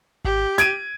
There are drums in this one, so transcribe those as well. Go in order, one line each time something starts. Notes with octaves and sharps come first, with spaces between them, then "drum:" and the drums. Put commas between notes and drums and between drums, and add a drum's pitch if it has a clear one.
G4, drum: kick G#1
G#6 D7 D#7, drum: snare